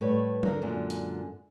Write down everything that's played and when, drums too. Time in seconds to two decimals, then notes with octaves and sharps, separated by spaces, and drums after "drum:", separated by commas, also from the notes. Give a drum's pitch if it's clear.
0.01 A2 G3 B4 C#5
0.43 D3 A#4, drum: tom F#3
0.62 F#2 A#2 D3 G#3
0.90 drum: hi-hat